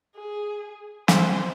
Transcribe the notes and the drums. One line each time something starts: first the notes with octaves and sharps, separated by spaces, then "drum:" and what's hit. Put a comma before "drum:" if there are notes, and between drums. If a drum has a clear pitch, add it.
G#4
C5, drum: snare